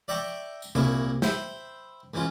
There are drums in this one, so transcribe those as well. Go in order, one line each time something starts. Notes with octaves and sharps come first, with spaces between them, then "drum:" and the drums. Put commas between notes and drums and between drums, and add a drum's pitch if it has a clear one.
D5 E5 G5 A#5 C#6 D6
drum: tambourine
C2 A#2 A#3 E4 G#5 C#6, drum: tom C3
C5 E5 G5 B5 C6, drum: snare
G#2 E3 C#4 F4